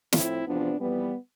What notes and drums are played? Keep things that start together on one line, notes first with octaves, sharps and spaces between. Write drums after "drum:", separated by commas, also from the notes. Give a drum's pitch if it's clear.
A2 F3 C4 E4, drum: snare
E2 C3 F3 B3 D4
F2 E3 G3 B3